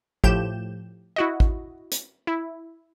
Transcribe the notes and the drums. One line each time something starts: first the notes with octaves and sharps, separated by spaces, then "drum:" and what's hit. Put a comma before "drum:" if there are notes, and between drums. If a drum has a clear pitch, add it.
A2 F3 G4 G6 E7, drum: kick
E4 F#4 D#5
drum: kick
drum: hi-hat
E4